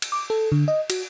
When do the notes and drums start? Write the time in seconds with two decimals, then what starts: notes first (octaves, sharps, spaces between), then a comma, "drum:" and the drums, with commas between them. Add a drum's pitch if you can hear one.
0.02 drum: cymbal
0.12 D6
0.30 A4
0.52 D3
0.68 D#5
0.90 F#4, drum: cymbal